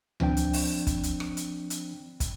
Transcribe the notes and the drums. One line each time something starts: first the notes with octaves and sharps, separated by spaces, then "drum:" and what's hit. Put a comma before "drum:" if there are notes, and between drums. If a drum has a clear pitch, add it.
F3 C4 D4 G5, drum: tom C#2
drum: hi-hat
drum: open hi-hat
drum: kick, hi-hat
drum: hi-hat
drum: rim click
drum: hi-hat
drum: hi-hat
drum: kick, hi-hat